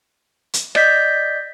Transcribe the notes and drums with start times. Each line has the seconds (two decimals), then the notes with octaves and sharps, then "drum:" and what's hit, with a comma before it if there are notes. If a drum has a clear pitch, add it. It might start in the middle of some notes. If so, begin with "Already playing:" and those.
0.54 drum: hi-hat
0.75 D5 D#5 G6 B6, drum: rim click